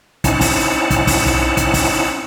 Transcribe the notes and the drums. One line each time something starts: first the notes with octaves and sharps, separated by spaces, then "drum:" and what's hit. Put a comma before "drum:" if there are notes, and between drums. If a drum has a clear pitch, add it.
C4 C#4 D#4 E4 F#5 A5, drum: kick, hi-hat
drum: kick, open hi-hat
drum: kick, hi-hat
drum: kick, open hi-hat
drum: tom
drum: kick, hi-hat
drum: kick, open hi-hat